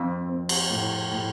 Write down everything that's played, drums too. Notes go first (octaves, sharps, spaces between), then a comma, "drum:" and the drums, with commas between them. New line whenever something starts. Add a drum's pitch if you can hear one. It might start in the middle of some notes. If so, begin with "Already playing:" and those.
Already playing: F2 C4
C4
drum: cymbal
A2
A2